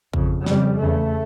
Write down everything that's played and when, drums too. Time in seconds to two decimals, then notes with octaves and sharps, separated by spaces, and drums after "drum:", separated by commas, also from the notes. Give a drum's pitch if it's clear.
0.13 F2 C#3, drum: kick
0.46 F2 C#3 G3, drum: snare
0.80 E2 C#3 A3